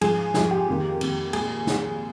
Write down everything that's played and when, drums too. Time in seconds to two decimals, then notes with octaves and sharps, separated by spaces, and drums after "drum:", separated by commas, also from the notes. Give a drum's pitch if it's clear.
0.01 G#2 F3 G#3 G#4, drum: cymbal
0.34 G#2 F3 G#3 G#4, drum: snare
0.51 G4
0.67 F2 D#3 A#3
1.01 F2 D#3 A#3, drum: cymbal
1.33 A#2 G#3 G#4, drum: cymbal
1.67 A#2 G#3, drum: snare